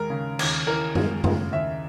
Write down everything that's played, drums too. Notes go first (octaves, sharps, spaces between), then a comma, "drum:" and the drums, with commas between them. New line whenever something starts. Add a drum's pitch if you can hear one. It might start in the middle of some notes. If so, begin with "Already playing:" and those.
Already playing: D#2 G#3 A#4
C#3
D#2, drum: cymbal
E3 A#4
G#3, drum: tom F#2
C#3, drum: tom F#2
D#2 E5